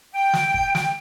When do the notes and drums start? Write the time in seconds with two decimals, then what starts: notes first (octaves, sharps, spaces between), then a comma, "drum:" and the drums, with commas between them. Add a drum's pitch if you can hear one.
0.13 G5
0.34 drum: snare
0.54 drum: kick
0.75 drum: snare